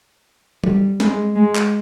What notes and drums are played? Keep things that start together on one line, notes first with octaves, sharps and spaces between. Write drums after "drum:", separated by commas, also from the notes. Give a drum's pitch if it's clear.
G3, drum: tom
G#3, drum: snare
G#3
drum: clap